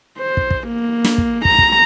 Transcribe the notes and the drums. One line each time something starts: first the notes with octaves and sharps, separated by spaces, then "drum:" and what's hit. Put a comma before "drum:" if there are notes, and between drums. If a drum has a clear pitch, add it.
C5
drum: kick
drum: kick
A#3
drum: snare
drum: kick
A#5, drum: kick
drum: kick